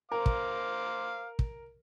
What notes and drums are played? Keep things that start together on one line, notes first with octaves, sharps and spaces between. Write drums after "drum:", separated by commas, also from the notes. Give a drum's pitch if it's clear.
A#4 C5 F5 D6
drum: kick
drum: kick